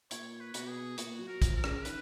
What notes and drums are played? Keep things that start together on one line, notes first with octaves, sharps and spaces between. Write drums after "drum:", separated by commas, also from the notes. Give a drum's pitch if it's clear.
A#2 C#5, drum: hi-hat
B4
B2 F#4, drum: hi-hat
G#4
A#2 F#4, drum: hi-hat
F#3
A#4
F3, drum: kick, hi-hat
A#4
C#3, drum: rim click
D#3 B4, drum: hi-hat